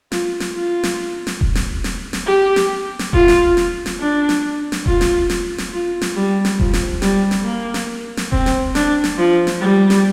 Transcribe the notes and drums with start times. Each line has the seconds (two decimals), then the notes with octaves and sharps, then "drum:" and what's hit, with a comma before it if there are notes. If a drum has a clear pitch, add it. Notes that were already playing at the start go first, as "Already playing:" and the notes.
0.12 F4, drum: snare
0.40 drum: snare
0.54 F4
0.83 drum: snare
1.27 drum: snare
1.41 drum: kick E1
1.55 drum: snare
1.84 drum: snare
2.13 drum: snare
2.27 G4
2.56 drum: snare
2.99 drum: snare
3.13 F4, drum: kick E1
3.28 drum: snare
3.57 drum: snare
3.86 drum: snare
4.00 D4
4.29 drum: snare
4.72 drum: snare
4.86 F4, drum: kick E1
5.01 drum: snare
5.30 drum: snare
5.58 drum: snare
5.73 F4
6.01 drum: snare
6.16 G3
6.45 drum: snare
6.60 F3, drum: kick E1
6.73 drum: snare
7.02 G3, drum: snare
7.31 drum: snare
7.45 A#3
7.74 drum: snare
8.17 drum: snare
8.32 C4, drum: kick E1
8.46 drum: snare
8.75 D4, drum: snare
9.04 drum: snare
9.18 F3
9.47 drum: snare
9.61 G3
9.90 drum: snare